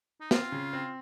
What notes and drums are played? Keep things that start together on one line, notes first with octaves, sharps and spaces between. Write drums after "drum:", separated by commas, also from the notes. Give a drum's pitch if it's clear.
D#4
C4 F4, drum: snare
C#3
C4